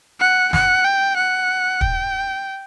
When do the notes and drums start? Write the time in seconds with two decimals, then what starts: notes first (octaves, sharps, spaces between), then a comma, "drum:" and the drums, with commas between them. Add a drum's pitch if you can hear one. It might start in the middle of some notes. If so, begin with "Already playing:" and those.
0.20 F#5
0.53 F#5, drum: snare
0.85 G5
1.17 F#5
1.81 G5, drum: kick